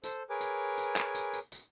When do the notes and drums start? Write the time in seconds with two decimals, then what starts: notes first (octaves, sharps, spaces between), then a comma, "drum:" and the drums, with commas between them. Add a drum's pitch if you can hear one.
0.04 A4 C5, drum: tambourine
0.30 G#4 A#4 B4 C#5 G#5 D6
0.41 drum: tambourine
0.78 drum: tambourine
0.96 drum: clap
1.15 drum: tambourine
1.33 drum: tambourine
1.52 drum: tambourine